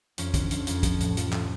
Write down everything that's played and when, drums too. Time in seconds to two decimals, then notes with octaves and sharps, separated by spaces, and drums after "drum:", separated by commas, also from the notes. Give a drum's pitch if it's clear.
0.18 F2 C#4, drum: hi-hat
0.34 D3, drum: kick, hi-hat
0.51 F2, drum: hi-hat
0.67 F2, drum: hi-hat
0.83 F3, drum: kick, hi-hat
1.00 A2, drum: hi-hat
1.17 F3, drum: hi-hat
1.33 F3, drum: clap